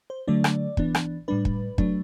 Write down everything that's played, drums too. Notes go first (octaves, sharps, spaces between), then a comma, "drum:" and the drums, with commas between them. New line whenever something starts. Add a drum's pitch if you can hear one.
C5
D3 F#3 A3 D4 D5
drum: rim click
E3 B3 D4, drum: kick
drum: rim click
A2 G3 D4 B4
drum: kick
F#3 A3 D4, drum: kick